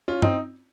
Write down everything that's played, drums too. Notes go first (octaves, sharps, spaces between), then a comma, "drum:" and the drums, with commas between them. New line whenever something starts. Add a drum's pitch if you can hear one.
C#4 F4
C4 D#4, drum: tom